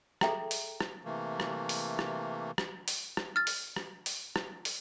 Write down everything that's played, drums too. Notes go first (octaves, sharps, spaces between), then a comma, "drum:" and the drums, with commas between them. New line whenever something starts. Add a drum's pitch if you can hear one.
G#4 A4 E5 G5 A#5, drum: rim click
drum: open hi-hat
drum: rim click
C3 E3 A3 A#3
drum: rim click
drum: open hi-hat
drum: rim click
drum: rim click
drum: open hi-hat
drum: rim click
F6 A6
drum: open hi-hat
drum: rim click
drum: open hi-hat
drum: rim click
drum: open hi-hat